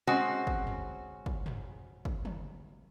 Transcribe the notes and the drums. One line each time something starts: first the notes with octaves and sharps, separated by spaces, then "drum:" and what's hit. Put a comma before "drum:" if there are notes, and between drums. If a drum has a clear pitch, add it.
G#3 C4 C#4 F#4 C5
drum: kick
drum: tom
drum: kick
drum: tom
drum: kick
drum: tom